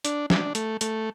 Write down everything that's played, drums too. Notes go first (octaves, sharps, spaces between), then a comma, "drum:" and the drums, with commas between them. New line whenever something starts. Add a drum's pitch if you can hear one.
D4, drum: hi-hat
D4, drum: snare
A3, drum: hi-hat
A3, drum: hi-hat